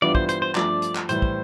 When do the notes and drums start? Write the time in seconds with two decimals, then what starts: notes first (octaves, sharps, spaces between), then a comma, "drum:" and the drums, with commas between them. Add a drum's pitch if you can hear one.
0.02 G2 E3 G3 B3 F4 D5
0.15 C5, drum: kick
0.29 C5, drum: hi-hat
0.42 C5
0.55 G2 F3 A3 D4 D5, drum: clap
0.82 drum: hi-hat
0.96 drum: clap
1.09 A2 E3 G3 C5, drum: hi-hat
1.22 drum: kick